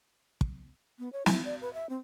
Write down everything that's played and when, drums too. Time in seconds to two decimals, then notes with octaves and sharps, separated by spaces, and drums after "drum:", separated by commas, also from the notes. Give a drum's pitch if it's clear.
0.41 drum: kick
0.99 B3
1.13 C#5
1.26 E4, drum: snare
1.45 D5
1.61 B4
1.74 E5
1.89 C4